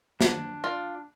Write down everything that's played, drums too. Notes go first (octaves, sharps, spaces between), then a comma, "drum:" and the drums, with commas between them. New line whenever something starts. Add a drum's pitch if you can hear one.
D4, drum: snare
F4 D5